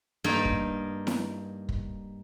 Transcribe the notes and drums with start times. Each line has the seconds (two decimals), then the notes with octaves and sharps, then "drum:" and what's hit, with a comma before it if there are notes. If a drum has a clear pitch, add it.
0.24 G2 A#3 D#4
0.45 drum: kick
1.07 drum: snare E4
1.69 drum: kick